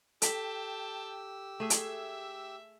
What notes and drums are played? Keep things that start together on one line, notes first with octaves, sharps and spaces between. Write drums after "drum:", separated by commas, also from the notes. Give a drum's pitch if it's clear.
G4 A4 G5 A5 E6 B6, drum: hi-hat
A3 G#4 E5
drum: hi-hat